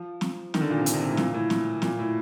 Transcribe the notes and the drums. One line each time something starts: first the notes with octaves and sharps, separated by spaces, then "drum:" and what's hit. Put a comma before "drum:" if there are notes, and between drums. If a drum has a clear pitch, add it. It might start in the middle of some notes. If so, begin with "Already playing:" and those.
Already playing: F3
drum: snare
D#3, drum: snare
D3
A#2
C3
D3, drum: hi-hat
C3
A#2
A2
A#2, drum: snare
A2
drum: snare
A#2, drum: snare
A2